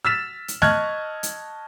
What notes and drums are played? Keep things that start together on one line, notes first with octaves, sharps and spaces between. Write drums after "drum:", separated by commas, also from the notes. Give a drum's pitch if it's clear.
E6 F6 A6 B6 E7
drum: hi-hat
D#5 A5 C#6 F6 F#6 G#6, drum: snare A3
drum: hi-hat